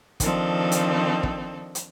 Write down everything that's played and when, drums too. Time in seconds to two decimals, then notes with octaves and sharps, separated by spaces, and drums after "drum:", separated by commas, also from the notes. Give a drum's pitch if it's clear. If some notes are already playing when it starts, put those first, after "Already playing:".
0.20 D#3 F3 C4 D4 A4, drum: kick, hi-hat
0.72 drum: hi-hat
1.23 drum: kick
1.75 drum: hi-hat